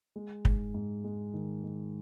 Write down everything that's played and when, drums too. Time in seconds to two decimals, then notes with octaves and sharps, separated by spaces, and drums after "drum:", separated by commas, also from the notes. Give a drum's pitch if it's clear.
0.16 G#3
0.45 G#2, drum: kick
0.74 G#2
1.04 G#3
1.34 D#3
1.64 G#3